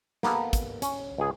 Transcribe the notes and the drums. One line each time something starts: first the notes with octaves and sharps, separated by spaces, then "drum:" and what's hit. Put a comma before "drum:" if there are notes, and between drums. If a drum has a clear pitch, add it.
A#3 B3 A4, drum: snare
drum: kick, hi-hat
C#4, drum: hi-hat
C#2 G#4